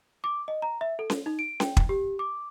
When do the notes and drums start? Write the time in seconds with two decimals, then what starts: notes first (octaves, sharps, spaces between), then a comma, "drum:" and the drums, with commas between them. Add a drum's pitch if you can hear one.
0.24 D6
0.48 D#5
0.62 A#5
0.81 E5
0.99 A4
1.10 drum: snare C#4
1.26 D#4
1.39 D7
1.60 G5, drum: snare C#4
1.77 drum: kick
1.89 G4
2.19 D6